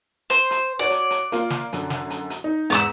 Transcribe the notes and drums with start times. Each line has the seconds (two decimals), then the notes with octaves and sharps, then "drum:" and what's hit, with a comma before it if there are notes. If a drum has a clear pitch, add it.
0.30 C5, drum: hi-hat
0.51 drum: hi-hat
0.79 F#4 C#5 D5
0.90 drum: hi-hat
1.10 drum: hi-hat
1.32 A#3 F4, drum: hi-hat
1.50 drum: snare
1.73 F#2 D3, drum: hi-hat
1.90 drum: snare
2.10 drum: hi-hat
2.30 drum: hi-hat
2.44 D#4
2.70 E2 G#2 B3 D6 E6, drum: hi-hat